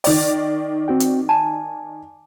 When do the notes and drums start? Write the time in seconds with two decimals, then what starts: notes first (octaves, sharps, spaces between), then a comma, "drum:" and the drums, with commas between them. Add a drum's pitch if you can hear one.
0.04 D#3 D5, drum: open hi-hat
0.88 C4 F#4 G5
1.00 drum: hi-hat
1.29 G#5 A5